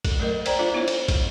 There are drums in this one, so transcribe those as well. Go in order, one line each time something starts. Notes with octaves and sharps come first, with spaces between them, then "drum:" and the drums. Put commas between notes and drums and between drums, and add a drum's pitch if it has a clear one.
A4, drum: kick, cymbal
F#3 A3 A#4 D#5
C5 D5 G5 A#5, drum: cymbal
D4 F4 A4 F5
B3 E4 F4 C5 C#5
drum: cymbal
drum: kick, cymbal